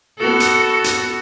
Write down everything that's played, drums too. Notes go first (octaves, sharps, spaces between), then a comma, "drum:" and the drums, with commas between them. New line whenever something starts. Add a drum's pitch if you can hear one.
B3 F#4 A4
drum: hi-hat
drum: hi-hat